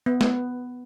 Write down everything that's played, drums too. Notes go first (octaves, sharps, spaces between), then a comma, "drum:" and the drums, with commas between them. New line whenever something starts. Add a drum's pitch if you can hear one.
B3
B3, drum: snare